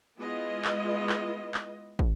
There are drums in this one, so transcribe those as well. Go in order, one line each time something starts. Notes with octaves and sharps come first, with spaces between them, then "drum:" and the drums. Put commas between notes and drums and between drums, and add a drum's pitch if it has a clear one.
G#3 B3 E4 F4 D#5
drum: clap
drum: clap
drum: clap
drum: kick